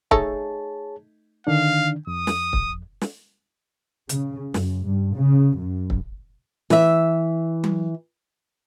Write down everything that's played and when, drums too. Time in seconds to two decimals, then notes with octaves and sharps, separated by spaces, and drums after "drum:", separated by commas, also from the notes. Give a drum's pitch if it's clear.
0.11 A3 D#4 G#4 A4 C#5 A5, drum: kick
1.47 D3 D#3 D4 F5
2.07 F2 D#6
2.27 drum: snare
2.53 drum: kick
3.01 drum: snare
4.09 C#3, drum: hi-hat
4.54 F#2, drum: snare
4.85 G2
5.16 C#3
5.58 F#2
5.90 drum: kick
6.70 E3 E5, drum: snare
7.64 drum: tom F#3